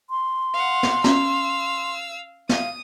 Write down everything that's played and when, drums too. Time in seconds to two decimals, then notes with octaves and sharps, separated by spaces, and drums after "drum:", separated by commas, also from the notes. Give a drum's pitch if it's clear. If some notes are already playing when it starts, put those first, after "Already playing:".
0.10 C6
0.54 F5 F#5
0.83 drum: snare
1.04 C#4 F5 E6, drum: snare
2.49 F5 D#6, drum: snare